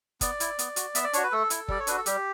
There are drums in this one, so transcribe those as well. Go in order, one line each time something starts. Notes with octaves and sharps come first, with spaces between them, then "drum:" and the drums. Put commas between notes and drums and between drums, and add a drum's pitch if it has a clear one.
B3 D5, drum: kick, hi-hat
E4, drum: hi-hat
B3, drum: hi-hat
F#4, drum: hi-hat
B3 E5, drum: hi-hat
D5
D4 F#4 C#5, drum: hi-hat
B4
A3 A4
E4, drum: hi-hat
G3 D5, drum: kick
C#5
D4 F#4 B4, drum: hi-hat
A4
G3 G4, drum: hi-hat